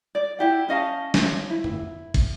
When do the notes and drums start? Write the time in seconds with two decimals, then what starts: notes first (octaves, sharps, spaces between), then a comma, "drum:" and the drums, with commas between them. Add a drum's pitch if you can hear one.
0.15 D5
0.39 E4 G4 F#5
0.69 C#4 D#5 F5 A5
1.14 drum: snare
1.50 E4
1.64 drum: tom F2
2.14 drum: kick, cymbal